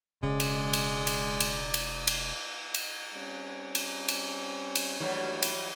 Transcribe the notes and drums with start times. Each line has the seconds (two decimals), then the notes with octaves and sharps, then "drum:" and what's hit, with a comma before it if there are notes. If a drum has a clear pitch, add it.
0.23 E1 C#3 G#3 D5
0.40 drum: cymbal
0.73 drum: cymbal
1.07 drum: cymbal
1.40 drum: cymbal
1.74 drum: cymbal
2.07 drum: cymbal
2.74 drum: cymbal
3.15 G3 C4 C#4
3.75 drum: cymbal
4.08 drum: cymbal
4.75 drum: cymbal
5.00 D#2 E3 F#3 G3 A3 D4 C#5
5.42 drum: cymbal